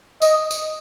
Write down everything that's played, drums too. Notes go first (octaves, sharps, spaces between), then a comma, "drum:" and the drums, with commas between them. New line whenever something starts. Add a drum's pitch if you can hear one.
D#5, drum: tambourine
drum: tambourine